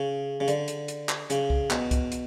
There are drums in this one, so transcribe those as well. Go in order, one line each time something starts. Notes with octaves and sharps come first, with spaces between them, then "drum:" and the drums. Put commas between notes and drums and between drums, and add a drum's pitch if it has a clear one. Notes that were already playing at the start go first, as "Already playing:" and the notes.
Already playing: C#3
C#3
D3, drum: hi-hat
drum: hi-hat
drum: hi-hat
drum: clap
C#3, drum: hi-hat
drum: kick C2
B2, drum: clap
drum: kick C2, hi-hat
drum: hi-hat